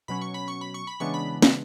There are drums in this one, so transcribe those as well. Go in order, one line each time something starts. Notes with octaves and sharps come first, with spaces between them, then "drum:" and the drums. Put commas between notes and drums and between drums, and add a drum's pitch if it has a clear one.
B2 F#3 C#4 B5
C#6
B5
C#6
B5
C#6
B5
C#3 E3 G#3 B3 D4 C#6
B5
drum: snare